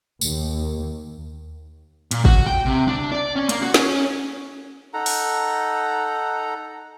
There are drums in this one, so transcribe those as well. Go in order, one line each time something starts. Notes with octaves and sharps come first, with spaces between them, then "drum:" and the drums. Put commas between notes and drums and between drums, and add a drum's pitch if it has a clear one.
D#2, drum: tambourine
A#2, drum: hi-hat
F#4, drum: kick
G5
C3
D4
D5
C#4
A#3, drum: hi-hat
F#4
C#4, drum: snare
D#4 A4 F#5 A#5
drum: open hi-hat